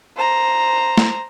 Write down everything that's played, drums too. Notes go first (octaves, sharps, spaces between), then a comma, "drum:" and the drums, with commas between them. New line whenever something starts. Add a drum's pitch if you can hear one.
C5 A#5
drum: snare